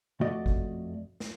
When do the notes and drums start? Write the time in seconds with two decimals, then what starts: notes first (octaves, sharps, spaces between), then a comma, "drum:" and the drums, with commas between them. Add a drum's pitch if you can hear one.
0.21 F2 A3 F#4 D5 D#5
0.46 drum: kick
1.20 drum: snare